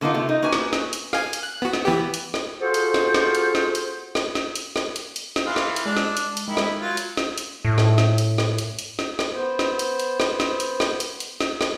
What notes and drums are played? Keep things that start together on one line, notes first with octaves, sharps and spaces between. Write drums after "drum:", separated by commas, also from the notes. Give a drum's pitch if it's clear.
D3 A#3 B3 D#4 F4
C3 A3
D#4
A#3 F#4 B4 G#5
drum: snare
drum: snare
drum: hi-hat
F5 G#5, drum: snare
drum: hi-hat
F#6
B3 F#4
drum: snare
E3 B3 G4
drum: hi-hat
drum: snare
F4 F#4 G#4 A4 C5
drum: hi-hat
drum: snare
drum: snare
drum: hi-hat
drum: snare
drum: hi-hat
drum: snare
drum: snare
drum: hi-hat
drum: snare
drum: hi-hat
drum: hi-hat
drum: snare
E3 F5 C6
drum: snare
drum: hi-hat
G#3 D4
drum: snare
drum: hi-hat
drum: hi-hat
D#3 G#3 E4
drum: snare
F#3 F4
drum: hi-hat
drum: snare
drum: hi-hat
A2
drum: snare
drum: snare
drum: hi-hat
drum: snare
drum: hi-hat
drum: hi-hat
drum: snare
drum: snare
B3 C5
drum: snare
drum: hi-hat
drum: hi-hat
drum: snare
drum: snare
drum: hi-hat
drum: snare
drum: hi-hat
drum: hi-hat
drum: snare
drum: snare